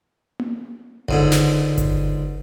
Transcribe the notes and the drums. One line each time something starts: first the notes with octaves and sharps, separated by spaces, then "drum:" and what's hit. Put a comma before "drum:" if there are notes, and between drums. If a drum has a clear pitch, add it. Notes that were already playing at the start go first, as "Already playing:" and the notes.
drum: tom A#3
C#2 G#2 D3, drum: kick G1
drum: snare
drum: kick G1, hi-hat